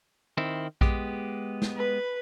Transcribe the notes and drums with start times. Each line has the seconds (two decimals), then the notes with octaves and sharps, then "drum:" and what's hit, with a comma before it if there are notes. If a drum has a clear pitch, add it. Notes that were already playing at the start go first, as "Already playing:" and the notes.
0.37 D#3 C4 E4
0.81 G#3 B3 G4, drum: kick A#1
1.62 drum: snare
1.76 B4